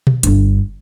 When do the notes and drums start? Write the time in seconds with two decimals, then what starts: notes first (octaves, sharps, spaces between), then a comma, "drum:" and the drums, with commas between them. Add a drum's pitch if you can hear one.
0.07 drum: tom B2
0.23 G1 G2, drum: hi-hat